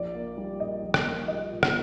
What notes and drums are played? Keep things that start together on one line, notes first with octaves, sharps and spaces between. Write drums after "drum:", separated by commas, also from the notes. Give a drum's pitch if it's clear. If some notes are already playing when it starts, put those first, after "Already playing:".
Already playing: A#1 D5
A#3
G3
A#2 D#5
A#1
drum: rim click
A#3
G3 D#5
A#2
drum: rim click